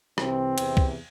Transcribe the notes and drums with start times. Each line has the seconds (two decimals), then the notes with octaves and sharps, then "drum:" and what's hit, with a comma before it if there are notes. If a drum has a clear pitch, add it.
0.18 C2 C3 E3 C4, drum: rim click
0.58 E2 C3 E3, drum: cymbal
0.77 drum: kick